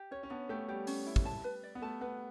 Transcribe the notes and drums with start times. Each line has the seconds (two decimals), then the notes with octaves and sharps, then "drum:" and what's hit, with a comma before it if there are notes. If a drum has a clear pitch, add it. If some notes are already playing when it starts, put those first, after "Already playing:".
Already playing: G4
0.11 C#4 C#5
0.23 C#4
0.30 B3 D4
0.49 A3 G4
0.68 G3 G4
0.87 C#4, drum: open hi-hat
1.07 E4
1.16 drum: kick
1.25 A5
1.44 B4
1.63 D5
1.75 B3
1.82 A3 A5
2.01 B3 B4